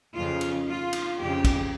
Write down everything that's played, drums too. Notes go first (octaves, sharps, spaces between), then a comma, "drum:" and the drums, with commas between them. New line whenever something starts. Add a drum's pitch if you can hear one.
F2 C#3 F4
drum: cymbal
F4
drum: cymbal
F2 C#3 G4
drum: kick, cymbal